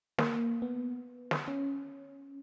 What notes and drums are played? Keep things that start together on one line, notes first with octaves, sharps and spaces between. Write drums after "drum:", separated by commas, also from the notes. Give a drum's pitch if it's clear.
A#3, drum: snare
B3
drum: snare
C#4